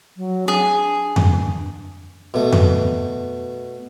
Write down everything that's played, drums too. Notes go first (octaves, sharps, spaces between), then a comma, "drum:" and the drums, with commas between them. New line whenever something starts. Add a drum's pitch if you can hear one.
F#3
D4 G#4
drum: tom F2
B2 A3
drum: tom F2